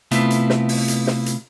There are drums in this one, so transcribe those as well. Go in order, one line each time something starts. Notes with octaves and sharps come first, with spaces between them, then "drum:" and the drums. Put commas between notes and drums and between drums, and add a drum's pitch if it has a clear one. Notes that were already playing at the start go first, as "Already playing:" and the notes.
C3 A3 B3 E4 F4, drum: hi-hat
drum: hi-hat
drum: snare
drum: open hi-hat
drum: hi-hat
drum: snare
drum: hi-hat